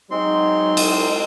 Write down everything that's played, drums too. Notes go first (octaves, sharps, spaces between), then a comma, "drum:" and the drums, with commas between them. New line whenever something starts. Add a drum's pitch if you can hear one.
F#3 G#3 C4 D#4 C6
drum: cymbal